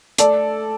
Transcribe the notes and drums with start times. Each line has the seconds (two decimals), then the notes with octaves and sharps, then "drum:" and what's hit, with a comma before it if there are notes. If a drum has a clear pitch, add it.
0.18 A3 A4 D5, drum: hi-hat